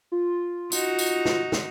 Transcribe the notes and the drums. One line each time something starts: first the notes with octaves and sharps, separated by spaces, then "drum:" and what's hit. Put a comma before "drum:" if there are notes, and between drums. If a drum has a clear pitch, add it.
F4
D#4 F#4, drum: tambourine
drum: tambourine
drum: snare
drum: snare